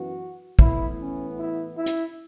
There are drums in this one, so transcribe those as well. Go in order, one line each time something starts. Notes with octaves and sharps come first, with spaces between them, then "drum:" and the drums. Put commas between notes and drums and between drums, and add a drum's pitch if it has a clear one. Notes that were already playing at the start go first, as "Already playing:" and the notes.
Already playing: F#2 E3 B3 F#4
A2 E3 B3 E4, drum: kick
C#4
E4
E4
drum: hi-hat